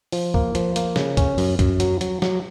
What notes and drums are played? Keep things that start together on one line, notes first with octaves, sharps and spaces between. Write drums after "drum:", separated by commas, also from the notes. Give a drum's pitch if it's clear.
F3, drum: open hi-hat
A#3, drum: kick
F3, drum: hi-hat
A#3, drum: hi-hat
C#3, drum: snare
C#4, drum: kick, hi-hat
F#2, drum: open hi-hat
F#2, drum: kick, hi-hat
F#3, drum: hi-hat
F#3, drum: hi-hat
F#3, drum: snare